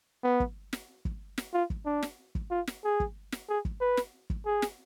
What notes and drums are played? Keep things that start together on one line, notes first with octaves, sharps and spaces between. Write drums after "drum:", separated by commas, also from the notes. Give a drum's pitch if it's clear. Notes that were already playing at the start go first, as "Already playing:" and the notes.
B3
drum: kick
drum: snare
drum: kick
drum: snare
F4
drum: kick
D4
drum: snare
drum: kick
F4
drum: snare
G#4
drum: kick
drum: snare
G#4
drum: kick
B4
drum: snare
drum: kick
G#4
drum: snare